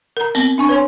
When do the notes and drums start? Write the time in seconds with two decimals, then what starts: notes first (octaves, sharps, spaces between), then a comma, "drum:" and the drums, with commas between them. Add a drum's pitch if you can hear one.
0.17 A#4 A#5
0.35 B3 C4, drum: tambourine
0.58 D4 G#5 C#6
0.69 B4 C#5 G#5 C6